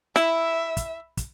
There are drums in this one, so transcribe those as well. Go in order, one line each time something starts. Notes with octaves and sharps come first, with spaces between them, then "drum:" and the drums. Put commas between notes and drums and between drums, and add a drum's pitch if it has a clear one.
E4 E5, drum: snare
drum: kick, hi-hat
drum: kick, hi-hat